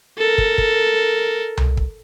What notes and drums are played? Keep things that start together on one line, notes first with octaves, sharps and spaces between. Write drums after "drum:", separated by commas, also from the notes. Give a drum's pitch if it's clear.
A4 A#4
drum: kick
drum: kick
drum: tom C2
drum: kick